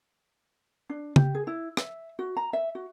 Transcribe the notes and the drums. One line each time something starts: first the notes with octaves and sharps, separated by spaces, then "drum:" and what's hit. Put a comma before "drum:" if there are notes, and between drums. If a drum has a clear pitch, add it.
D4
G4, drum: tom
G#4
E4
E5, drum: rim click
F#4
A#5
E5
F#4